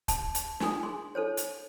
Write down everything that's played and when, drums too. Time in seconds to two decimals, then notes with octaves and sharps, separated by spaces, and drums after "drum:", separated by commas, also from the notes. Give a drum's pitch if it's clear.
0.08 A5, drum: kick, hi-hat
0.35 drum: hi-hat
0.60 D4 D#4 G#5 D#6, drum: snare
0.83 G#4 C6
1.15 D#4 A4 C5 C#5
1.37 drum: hi-hat